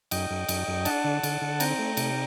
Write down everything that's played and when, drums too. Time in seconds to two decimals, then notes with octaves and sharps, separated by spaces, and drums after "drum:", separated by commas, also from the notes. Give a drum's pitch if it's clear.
0.11 F#2 D#5 G5, drum: cymbal
0.30 F#2
0.48 F#2, drum: cymbal
0.68 F#2
0.85 D4 F#5 A5, drum: cymbal
1.04 D3
1.23 D3, drum: cymbal
1.42 D3
1.60 C4 G5 A#5, drum: cymbal
1.79 A3
1.97 C3, drum: cymbal